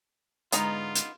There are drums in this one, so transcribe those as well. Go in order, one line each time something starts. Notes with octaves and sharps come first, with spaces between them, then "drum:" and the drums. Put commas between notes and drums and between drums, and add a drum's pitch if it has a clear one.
G#2 D3 G#3 B3 D#4 F4 A#5, drum: hi-hat
drum: hi-hat